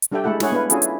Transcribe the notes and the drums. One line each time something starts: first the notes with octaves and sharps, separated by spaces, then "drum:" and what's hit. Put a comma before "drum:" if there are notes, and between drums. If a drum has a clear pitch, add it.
drum: hi-hat
G3 D4 G4 A4 E5 G5
G#3 A3 E4 A4 F#5
G#3 E4 G#4 C#5 F#5, drum: snare
B3 D4 E4 B4 F5
C#4 D4 F4 F#4 G#4 A4, drum: hi-hat
E4, drum: hi-hat